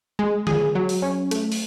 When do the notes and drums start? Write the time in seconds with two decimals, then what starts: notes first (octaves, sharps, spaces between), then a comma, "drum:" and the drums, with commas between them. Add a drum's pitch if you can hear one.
0.19 G#3
0.47 G#4, drum: tom D3
0.75 F#3
0.89 drum: open hi-hat
1.02 C#4
1.31 A3, drum: hi-hat
1.52 drum: open hi-hat